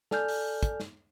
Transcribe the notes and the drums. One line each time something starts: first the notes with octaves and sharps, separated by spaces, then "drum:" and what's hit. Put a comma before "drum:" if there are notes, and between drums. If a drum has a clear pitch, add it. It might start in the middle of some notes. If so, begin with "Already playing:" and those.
A4 D5 G#5 F6 G6, drum: snare
drum: open hi-hat
drum: kick, hi-hat
drum: snare